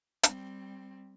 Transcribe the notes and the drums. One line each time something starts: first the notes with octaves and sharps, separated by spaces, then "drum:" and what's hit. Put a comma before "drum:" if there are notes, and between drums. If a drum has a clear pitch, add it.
G3 C4, drum: hi-hat